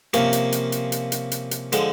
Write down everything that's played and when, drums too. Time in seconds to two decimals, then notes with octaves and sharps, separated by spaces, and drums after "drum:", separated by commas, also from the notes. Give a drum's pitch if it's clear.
0.14 C3 F3 A#3 C#4, drum: hi-hat
0.33 drum: hi-hat
0.52 drum: hi-hat
0.72 drum: hi-hat
0.92 drum: hi-hat
1.12 drum: hi-hat
1.32 drum: hi-hat
1.51 drum: hi-hat
1.72 D3 F3 G#3, drum: hi-hat